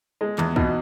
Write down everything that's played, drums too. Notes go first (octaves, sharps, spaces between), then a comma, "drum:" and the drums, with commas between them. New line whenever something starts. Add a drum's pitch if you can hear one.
G#3
E2, drum: clap
B2, drum: kick